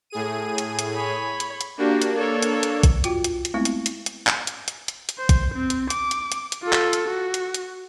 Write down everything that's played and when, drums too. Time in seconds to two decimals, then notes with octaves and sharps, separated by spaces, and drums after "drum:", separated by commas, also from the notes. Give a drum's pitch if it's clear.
0.10 A2 G#4 D#7
0.58 drum: hi-hat
0.79 drum: hi-hat
0.95 C#5 B5
1.40 drum: hi-hat
1.61 drum: hi-hat
1.78 A#3 D4 F#4 G4
2.02 drum: hi-hat
2.16 A4 C#5
2.42 drum: hi-hat
2.63 drum: hi-hat
2.83 drum: kick A#1, hi-hat
3.04 F4 F#4 G5, drum: hi-hat
3.24 drum: hi-hat
3.45 drum: hi-hat
3.54 G#3 A3 B3 C4 E4
3.65 drum: hi-hat
3.86 drum: hi-hat
4.06 drum: hi-hat
4.27 drum: clap
4.47 drum: hi-hat
4.68 drum: hi-hat
4.88 drum: hi-hat
5.09 drum: hi-hat
5.18 C5
5.29 drum: kick A#1, hi-hat
5.54 C4
5.70 drum: hi-hat
5.90 D6, drum: hi-hat
6.11 drum: hi-hat
6.32 drum: hi-hat
6.52 drum: hi-hat
6.63 F4 A4
6.73 drum: clap
6.93 drum: hi-hat
7.07 F#4
7.34 drum: hi-hat
7.54 drum: hi-hat